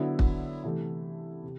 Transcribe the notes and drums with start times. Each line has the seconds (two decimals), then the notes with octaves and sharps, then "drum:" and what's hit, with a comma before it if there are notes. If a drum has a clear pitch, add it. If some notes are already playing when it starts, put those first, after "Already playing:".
Already playing: D3 F#3 B3 E4
0.19 drum: kick
0.64 C3 E3 A3 E4
1.43 C3